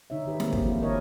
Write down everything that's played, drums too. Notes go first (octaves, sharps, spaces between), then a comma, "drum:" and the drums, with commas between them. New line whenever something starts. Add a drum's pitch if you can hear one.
D3 D#4 C#5 E5
D#3 G4 B4
A#3 C4 G#4, drum: snare
G3 D4, drum: kick
F3 G#3 D4 E4 F4 G4
D#3 E4 A#4 C#5 D#5